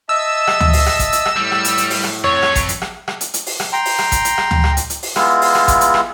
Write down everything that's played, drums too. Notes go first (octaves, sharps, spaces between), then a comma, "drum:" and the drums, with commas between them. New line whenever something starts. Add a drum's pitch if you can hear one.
D#5 E5 A5 E6
drum: rim click
drum: tom D2
drum: open hi-hat
drum: rim click
drum: kick G#1, hi-hat
drum: hi-hat
drum: rim click
A2 G3
drum: rim click
drum: hi-hat
drum: hi-hat
drum: open hi-hat
drum: rim click
F2 A4 C#5
drum: rim click
drum: kick G#1, hi-hat
drum: hi-hat
drum: rim click
drum: rim click
drum: hi-hat
drum: hi-hat
drum: open hi-hat
drum: rim click
G5 A#5 C6
drum: open hi-hat
drum: rim click
drum: kick G#1, hi-hat
drum: hi-hat
drum: rim click
drum: tom D2
drum: rim click
drum: hi-hat
drum: hi-hat
drum: open hi-hat
G#3 B3 E4 F4, drum: rim click
drum: open hi-hat
drum: rim click
drum: kick G#1, hi-hat
drum: hi-hat
drum: rim click